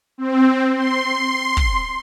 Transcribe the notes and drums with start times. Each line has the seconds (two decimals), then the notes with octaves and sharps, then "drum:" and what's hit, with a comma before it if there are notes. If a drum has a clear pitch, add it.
0.18 C4
0.74 C6
1.57 drum: kick